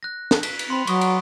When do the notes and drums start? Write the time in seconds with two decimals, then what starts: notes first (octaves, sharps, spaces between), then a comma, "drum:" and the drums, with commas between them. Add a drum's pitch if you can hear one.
0.03 F#6 A#6
0.31 drum: snare
0.43 B6, drum: cymbal
0.59 drum: cymbal
0.68 C4 B5 C6 C#7
0.87 F#3 C#6 D#6, drum: cymbal
1.01 drum: cymbal